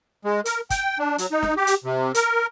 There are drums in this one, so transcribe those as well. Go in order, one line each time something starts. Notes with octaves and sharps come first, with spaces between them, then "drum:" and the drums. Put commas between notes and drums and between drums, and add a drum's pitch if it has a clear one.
G#3
A#4, drum: hi-hat
G5, drum: kick, hi-hat
D4
F#3, drum: hi-hat
D#4
drum: snare
G4
drum: hi-hat
C3
A#4, drum: hi-hat